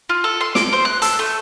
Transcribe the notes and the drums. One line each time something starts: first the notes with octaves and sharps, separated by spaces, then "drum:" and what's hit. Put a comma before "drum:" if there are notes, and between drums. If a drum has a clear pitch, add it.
F4
A4
C6
D6, drum: snare
C5
F#6
A4, drum: hi-hat
A3